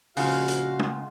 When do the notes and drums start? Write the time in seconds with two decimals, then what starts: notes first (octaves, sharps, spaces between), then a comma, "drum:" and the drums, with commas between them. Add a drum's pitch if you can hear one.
0.17 A#1 C#3 G#3 F4 F#4 F5 F#5, drum: open hi-hat
0.48 drum: hi-hat
0.79 drum: tom